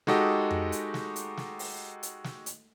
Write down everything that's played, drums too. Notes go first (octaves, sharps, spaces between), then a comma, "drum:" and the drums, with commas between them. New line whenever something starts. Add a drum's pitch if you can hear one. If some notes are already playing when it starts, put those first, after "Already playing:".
G#3 D#4 F#4 G4 A4 D#5, drum: snare
drum: tom F2
drum: hi-hat
drum: snare
drum: hi-hat
drum: snare
drum: open hi-hat
drum: hi-hat
drum: snare
drum: hi-hat